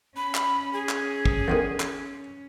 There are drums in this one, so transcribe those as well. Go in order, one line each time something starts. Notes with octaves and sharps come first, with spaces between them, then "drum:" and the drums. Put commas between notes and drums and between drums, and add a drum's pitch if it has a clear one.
C#4 B5
drum: clap
G#4
drum: clap
drum: kick
E2 D3 D#3
drum: clap